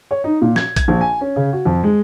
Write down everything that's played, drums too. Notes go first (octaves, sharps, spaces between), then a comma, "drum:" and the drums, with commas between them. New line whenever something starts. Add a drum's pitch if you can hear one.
C#5
D#4
A#2
G#6, drum: snare
G#6, drum: kick A#1, hi-hat
A#1
G#5
C#4
C#3
F#4
F2
G#3